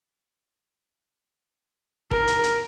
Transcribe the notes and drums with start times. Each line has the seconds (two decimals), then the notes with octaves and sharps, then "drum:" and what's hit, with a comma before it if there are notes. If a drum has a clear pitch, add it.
2.11 A#4, drum: kick
2.27 drum: hi-hat
2.43 drum: hi-hat